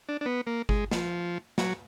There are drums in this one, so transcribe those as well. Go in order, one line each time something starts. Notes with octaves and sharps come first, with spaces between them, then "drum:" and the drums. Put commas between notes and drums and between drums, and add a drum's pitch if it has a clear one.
D4
D4
B3
A#3
G#3, drum: kick G1
F3, drum: snare
F#3, drum: snare